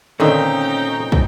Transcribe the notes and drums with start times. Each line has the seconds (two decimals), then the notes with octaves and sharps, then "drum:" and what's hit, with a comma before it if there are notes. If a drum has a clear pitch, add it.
0.20 A#2 D3 D#3 A3 C4 C#4 D#4 G5
1.12 drum: kick